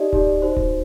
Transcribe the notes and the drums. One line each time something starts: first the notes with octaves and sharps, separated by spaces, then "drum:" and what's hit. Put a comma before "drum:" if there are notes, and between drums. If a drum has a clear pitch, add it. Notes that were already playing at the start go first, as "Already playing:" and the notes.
Already playing: D#4 G4 D5 D#5
D#4 G4 D5, drum: kick D1
D#4 F#4 C5
drum: kick D1